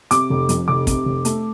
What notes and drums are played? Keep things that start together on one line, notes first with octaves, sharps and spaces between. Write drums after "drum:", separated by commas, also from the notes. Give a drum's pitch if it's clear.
C3 D6, drum: hi-hat
F1
F2, drum: hi-hat
F1 D6
C3, drum: kick, hi-hat
F1
A3, drum: hi-hat